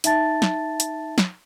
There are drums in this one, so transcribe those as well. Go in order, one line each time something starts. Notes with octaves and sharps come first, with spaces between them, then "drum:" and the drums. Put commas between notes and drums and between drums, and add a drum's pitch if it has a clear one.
D#4 E5 A5 A6, drum: hi-hat
drum: snare
drum: hi-hat
drum: snare